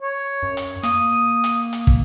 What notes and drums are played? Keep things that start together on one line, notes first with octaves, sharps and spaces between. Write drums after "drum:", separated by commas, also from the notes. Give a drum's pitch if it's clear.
C#5
F#2
drum: hi-hat
A#3 D#6, drum: hi-hat
drum: hi-hat
drum: hi-hat
drum: kick